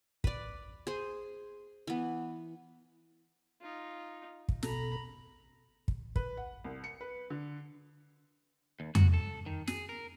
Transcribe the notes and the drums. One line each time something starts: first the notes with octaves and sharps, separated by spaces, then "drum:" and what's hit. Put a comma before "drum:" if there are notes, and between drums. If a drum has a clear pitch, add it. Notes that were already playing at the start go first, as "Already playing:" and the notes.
B4 D5, drum: kick
G#4 C5
E3 B3
D#4 F4
drum: kick
B2 A4 A#5 B5, drum: snare
drum: kick
B4, drum: kick
F#5
C2
C#7
B4
D3
D#2
F#4, drum: tom F2
A4
D#3
G#4, drum: snare
A#4